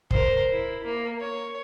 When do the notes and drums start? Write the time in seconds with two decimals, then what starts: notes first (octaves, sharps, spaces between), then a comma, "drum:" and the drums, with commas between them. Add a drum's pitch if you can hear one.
0.11 A#4 C5, drum: kick
0.52 E4
0.84 A#3
1.21 C#5